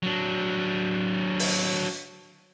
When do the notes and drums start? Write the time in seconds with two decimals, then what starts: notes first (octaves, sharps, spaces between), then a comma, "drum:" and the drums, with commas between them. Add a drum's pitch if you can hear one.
0.03 F#3 D4
1.39 drum: open hi-hat